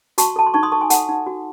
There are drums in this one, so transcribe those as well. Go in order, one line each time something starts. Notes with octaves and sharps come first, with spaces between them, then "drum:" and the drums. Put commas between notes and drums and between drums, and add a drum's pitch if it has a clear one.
F#4 A5 C#6, drum: hi-hat
A4 A5
C6
D#4 A5 C#6
C6 D#6
A4 A5 C#6
G#5 C6
A4 F#5 A5, drum: hi-hat
D#4
F#4